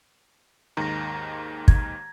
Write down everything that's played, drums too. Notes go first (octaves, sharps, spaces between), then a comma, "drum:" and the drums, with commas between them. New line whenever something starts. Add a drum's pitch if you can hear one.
D#2 G#2 D#3 A#5 A#6
G#6, drum: kick